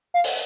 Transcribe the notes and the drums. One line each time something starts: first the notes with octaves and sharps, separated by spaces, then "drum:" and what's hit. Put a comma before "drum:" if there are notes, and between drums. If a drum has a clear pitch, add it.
F5
drum: open hi-hat